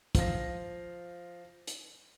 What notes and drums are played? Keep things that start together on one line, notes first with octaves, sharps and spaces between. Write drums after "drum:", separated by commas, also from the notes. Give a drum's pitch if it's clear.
F3 F5 A#6, drum: kick, hi-hat
drum: hi-hat